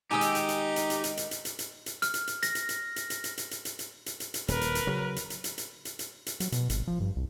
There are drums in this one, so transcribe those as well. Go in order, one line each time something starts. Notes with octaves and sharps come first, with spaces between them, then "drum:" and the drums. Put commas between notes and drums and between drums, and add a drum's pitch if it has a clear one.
D#3 G#3 D#4 G4 G#5 D#6 E6
drum: hi-hat
drum: hi-hat
drum: hi-hat
drum: hi-hat
drum: hi-hat
drum: hi-hat
drum: hi-hat
drum: hi-hat
drum: hi-hat
drum: hi-hat
drum: hi-hat
F6, drum: hi-hat
drum: hi-hat
drum: hi-hat
A#6, drum: hi-hat
drum: hi-hat
drum: hi-hat
drum: hi-hat
drum: hi-hat
drum: hi-hat
drum: hi-hat
drum: hi-hat
drum: hi-hat
drum: hi-hat
drum: hi-hat
drum: hi-hat
drum: hi-hat
D#1 A#4 B4, drum: hi-hat
drum: hi-hat
drum: hi-hat
C#3 F#3
drum: hi-hat
drum: hi-hat
drum: hi-hat
drum: hi-hat
drum: hi-hat
drum: hi-hat
drum: hi-hat
F#3, drum: hi-hat
B2, drum: hi-hat
G#1, drum: hi-hat
F3
G2
C2